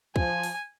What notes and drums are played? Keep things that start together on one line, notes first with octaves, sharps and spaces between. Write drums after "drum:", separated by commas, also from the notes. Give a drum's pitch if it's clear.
F3 G#5, drum: kick
drum: open hi-hat